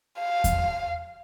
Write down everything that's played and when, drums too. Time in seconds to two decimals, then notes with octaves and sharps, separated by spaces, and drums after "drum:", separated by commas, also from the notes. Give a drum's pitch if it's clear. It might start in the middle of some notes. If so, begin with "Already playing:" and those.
0.19 F5
0.44 drum: kick E2, hi-hat